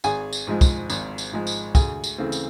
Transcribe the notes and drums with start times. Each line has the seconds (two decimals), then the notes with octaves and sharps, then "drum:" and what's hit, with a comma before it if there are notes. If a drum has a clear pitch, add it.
0.04 G#1 G#4 G#5, drum: tambourine
0.33 drum: tambourine
0.47 G#2 F3 G#3
0.61 drum: kick, tambourine
0.90 G#1, drum: tambourine
1.18 drum: tambourine
1.32 G#2 F3 G#3
1.47 drum: tambourine
1.75 D2 G#4 G#5, drum: kick, tambourine
2.04 drum: tambourine
2.18 C#3 E3 A3 C4
2.32 drum: tambourine